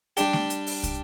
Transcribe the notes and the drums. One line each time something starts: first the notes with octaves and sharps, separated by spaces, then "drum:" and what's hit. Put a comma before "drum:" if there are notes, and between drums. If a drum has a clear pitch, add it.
G3 D4 G4, drum: hi-hat
drum: snare A3
drum: hi-hat
drum: open hi-hat
drum: kick, hi-hat